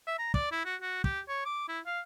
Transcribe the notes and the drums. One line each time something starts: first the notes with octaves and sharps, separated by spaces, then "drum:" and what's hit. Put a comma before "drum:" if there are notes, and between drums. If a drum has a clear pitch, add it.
E5
A#5
D5, drum: kick
E4
F#4
F#4
G4, drum: kick
C#5
D6
E4
F5